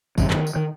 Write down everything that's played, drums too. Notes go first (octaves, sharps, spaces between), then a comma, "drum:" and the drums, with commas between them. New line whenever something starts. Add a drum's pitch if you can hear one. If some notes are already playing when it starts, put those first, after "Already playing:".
G#1 F#2 C#3 E3, drum: kick, tambourine
D#3, drum: clap
drum: tambourine
D#3